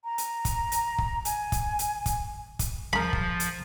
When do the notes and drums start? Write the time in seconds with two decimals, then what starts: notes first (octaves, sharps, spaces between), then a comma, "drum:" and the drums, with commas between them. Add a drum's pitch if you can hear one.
0.05 A#5
0.18 drum: hi-hat
0.45 drum: kick, hi-hat
0.72 drum: hi-hat
0.98 drum: kick
1.25 G#5, drum: hi-hat
1.52 drum: kick, hi-hat
1.79 drum: hi-hat
2.06 drum: kick, hi-hat
2.59 drum: kick, hi-hat
2.93 F3 G#4 A#4 B5
3.13 drum: kick
3.40 drum: hi-hat